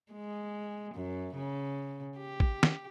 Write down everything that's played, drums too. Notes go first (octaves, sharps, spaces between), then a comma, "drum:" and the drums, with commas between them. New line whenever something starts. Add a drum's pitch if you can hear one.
G#3
F#2
C#3
G4
drum: kick A1
drum: snare